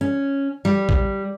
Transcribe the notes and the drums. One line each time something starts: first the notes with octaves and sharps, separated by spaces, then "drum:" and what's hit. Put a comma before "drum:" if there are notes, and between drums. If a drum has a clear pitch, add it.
C#4
G3
drum: kick A#1